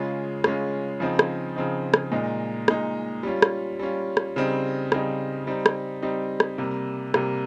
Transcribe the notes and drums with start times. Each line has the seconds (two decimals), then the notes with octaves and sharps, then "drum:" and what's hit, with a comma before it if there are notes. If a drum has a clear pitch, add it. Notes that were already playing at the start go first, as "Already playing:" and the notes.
Already playing: C#3 G#3 C#4 F4
0.44 C#3 G#3 C#4 F4, drum: rim click
1.00 C#3 F3 C4 D#4
1.19 drum: rim click
1.56 C#3 F3 C4 D#4
1.94 drum: rim click
2.12 A#2 G#3 D#4
2.68 A#2 G#3 D#4, drum: rim click
3.23 G3 C#4 F4
3.42 drum: rim click
3.79 G3 C#4 F4
4.17 drum: rim click
4.36 C#3 G3 C4 D#4
4.92 C#3 G3 C4 D#4, drum: rim click
5.47 G3 C4 D#4
5.66 drum: rim click
6.02 G3 C4 D#4
6.40 drum: rim click
6.58 C3 G3 A#3
7.14 C3 G3 A#3, drum: rim click